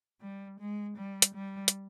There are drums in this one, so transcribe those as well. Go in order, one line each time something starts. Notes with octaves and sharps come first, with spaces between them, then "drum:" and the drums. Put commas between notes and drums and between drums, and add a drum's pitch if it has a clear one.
G3
G#3
G3
drum: hi-hat
G3
drum: hi-hat